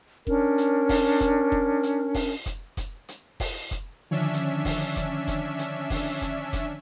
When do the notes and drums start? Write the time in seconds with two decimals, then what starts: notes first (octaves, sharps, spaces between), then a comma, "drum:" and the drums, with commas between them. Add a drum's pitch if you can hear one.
0.27 C#4 D4 A#4, drum: kick F1
0.58 drum: hi-hat
0.89 drum: kick F1, open hi-hat
1.21 drum: kick F1, hi-hat
1.52 drum: kick F1
1.83 drum: hi-hat
2.15 drum: kick F1, open hi-hat
2.46 drum: kick F1, hi-hat
2.77 drum: kick F1, hi-hat
3.08 drum: hi-hat
3.40 drum: kick F1, open hi-hat
3.71 drum: kick F1, hi-hat
4.11 D3 D#3 F3 C#4 D4 E5
4.34 drum: hi-hat
4.65 drum: kick F1, open hi-hat
4.96 drum: kick F1, hi-hat
5.28 drum: kick F1, hi-hat
5.59 drum: hi-hat
5.90 drum: kick F1, open hi-hat
6.22 drum: kick F1, hi-hat
6.53 drum: kick F1, hi-hat